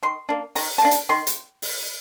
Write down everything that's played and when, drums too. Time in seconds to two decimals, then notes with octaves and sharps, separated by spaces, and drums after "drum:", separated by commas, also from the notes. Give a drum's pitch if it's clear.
0.03 D#3 C6
0.29 A#3 D4
0.55 D#3 A#5, drum: open hi-hat
0.78 A5
0.82 A#3 D4
0.91 drum: hi-hat
1.09 D#3 C6
1.27 drum: hi-hat
1.62 drum: open hi-hat